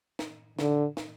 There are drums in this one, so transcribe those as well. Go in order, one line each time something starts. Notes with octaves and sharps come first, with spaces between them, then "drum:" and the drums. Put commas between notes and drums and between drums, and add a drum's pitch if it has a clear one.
drum: snare
D3, drum: snare
drum: snare